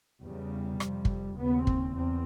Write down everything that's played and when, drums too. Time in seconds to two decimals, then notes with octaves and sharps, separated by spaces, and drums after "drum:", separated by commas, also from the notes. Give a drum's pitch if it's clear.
0.23 E2 C#3 G3
0.80 F2 C3, drum: rim click
1.05 drum: kick
1.38 D#2 C#3 B3
1.67 C4, drum: kick
1.95 E2 C4